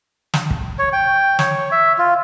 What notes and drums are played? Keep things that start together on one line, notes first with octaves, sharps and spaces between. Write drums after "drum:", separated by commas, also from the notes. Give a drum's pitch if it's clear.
drum: snare
drum: kick
C#5
G5
C#5, drum: snare
E5
F4